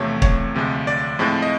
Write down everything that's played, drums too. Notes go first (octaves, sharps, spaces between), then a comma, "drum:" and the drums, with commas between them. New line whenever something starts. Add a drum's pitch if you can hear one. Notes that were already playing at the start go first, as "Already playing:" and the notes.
Already playing: E2 C3 F3 A3 C4 C#5
C#5, drum: kick
D2 C3 F3 G#3
D5
A2 F3 G#3 C4
D#5